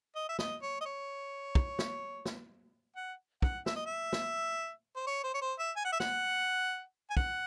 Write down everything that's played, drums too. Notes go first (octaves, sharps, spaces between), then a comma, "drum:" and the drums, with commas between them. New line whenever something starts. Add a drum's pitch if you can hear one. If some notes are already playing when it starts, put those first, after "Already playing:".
D#5
E5
D#5, drum: snare
C#5
D#5
C#5
drum: kick
drum: snare
drum: snare
F#5
F#5, drum: kick
E5, drum: snare
D#5
E5
drum: snare
C5
C#5
C5
C#5
C5
E5
G#5
F#5
E5
F#5, drum: snare
G#5
F#5, drum: kick